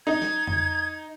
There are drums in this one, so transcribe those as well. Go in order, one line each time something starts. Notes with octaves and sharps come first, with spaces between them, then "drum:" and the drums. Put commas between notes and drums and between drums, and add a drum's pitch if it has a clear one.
D#4 G#6
drum: snare
drum: tom F2